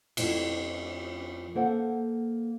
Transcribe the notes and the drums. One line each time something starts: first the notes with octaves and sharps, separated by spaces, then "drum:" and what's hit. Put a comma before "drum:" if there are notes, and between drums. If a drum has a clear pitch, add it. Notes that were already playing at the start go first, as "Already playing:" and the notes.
F2 F3 A3 E4, drum: cymbal
A#3 A4 C5 F#5